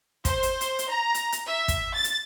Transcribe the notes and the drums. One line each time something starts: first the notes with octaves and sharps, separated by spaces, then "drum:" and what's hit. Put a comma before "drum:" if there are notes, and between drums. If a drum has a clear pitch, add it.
C5, drum: kick, hi-hat
drum: hi-hat
drum: hi-hat
drum: hi-hat
A#5
drum: hi-hat
drum: hi-hat
E5
drum: kick, hi-hat
A6
drum: hi-hat